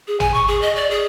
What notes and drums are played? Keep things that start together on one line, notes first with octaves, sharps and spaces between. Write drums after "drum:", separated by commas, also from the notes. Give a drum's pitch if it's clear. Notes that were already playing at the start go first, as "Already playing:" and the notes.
G#4
G#5, drum: tom
C#6
G#4
D#5
D5
G#4